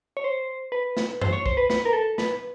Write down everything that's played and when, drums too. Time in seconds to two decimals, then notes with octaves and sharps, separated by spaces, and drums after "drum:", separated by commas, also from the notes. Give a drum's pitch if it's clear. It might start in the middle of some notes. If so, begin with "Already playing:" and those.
0.17 C#5
0.24 C5
0.72 B4
0.97 drum: snare
1.21 C5, drum: tom F#2
1.33 C#5
1.46 C5, drum: kick
1.57 B4
1.70 B4, drum: snare
1.85 A#4
1.93 A4
2.18 B4, drum: snare